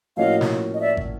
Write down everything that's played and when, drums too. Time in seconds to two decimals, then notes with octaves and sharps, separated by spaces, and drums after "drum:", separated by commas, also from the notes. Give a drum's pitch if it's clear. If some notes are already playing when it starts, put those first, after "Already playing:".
0.17 A2 F3 A#3 C#4 F#4 D#5 F5
0.41 drum: snare
0.73 D#5
0.80 D5 E5
0.97 drum: kick